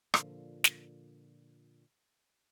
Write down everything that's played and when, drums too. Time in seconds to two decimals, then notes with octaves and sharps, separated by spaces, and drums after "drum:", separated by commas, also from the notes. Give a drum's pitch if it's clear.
0.14 A#2 D3 F3, drum: rim click
0.64 drum: snare